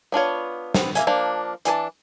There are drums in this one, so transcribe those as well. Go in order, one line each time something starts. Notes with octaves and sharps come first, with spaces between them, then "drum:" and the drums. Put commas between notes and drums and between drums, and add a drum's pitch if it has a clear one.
B3 D4 F4 C#5
B3 C4, drum: snare
A#3 E5 G#5, drum: hi-hat
F3 A#3 D4
E3 D4 G#4 A5, drum: hi-hat